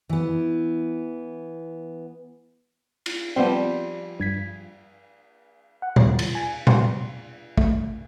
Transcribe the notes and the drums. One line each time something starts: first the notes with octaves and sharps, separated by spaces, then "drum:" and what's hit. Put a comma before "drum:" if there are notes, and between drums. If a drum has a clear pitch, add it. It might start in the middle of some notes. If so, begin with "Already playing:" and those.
E3 B3
drum: cymbal
F3 G3 B3 C4 C5
G2 G#6 B6
F#5
D#2, drum: tom A#2
A6, drum: cymbal
G#5
C6, drum: tom A#2
A3, drum: kick